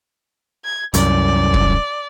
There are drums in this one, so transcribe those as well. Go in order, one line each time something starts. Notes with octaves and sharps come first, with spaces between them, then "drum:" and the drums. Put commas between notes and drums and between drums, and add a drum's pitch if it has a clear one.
G#6
C2 F#2 D5, drum: hi-hat
drum: kick